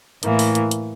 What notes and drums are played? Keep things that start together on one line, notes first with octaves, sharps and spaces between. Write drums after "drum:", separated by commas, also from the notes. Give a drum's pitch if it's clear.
A2 E3 A#3, drum: hi-hat
drum: open hi-hat
drum: hi-hat
drum: hi-hat